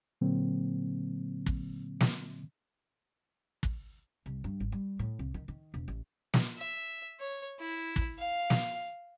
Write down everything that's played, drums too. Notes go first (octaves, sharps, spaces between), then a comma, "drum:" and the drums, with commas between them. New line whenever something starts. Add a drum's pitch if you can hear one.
A#2 D3 F#3 A#3 C4
drum: kick
drum: snare
drum: kick
C2
G2
G#1
G3
A2
C2
D#3
D#3
E1
A1
drum: snare
E5
C#5
E4
drum: kick
F5
drum: snare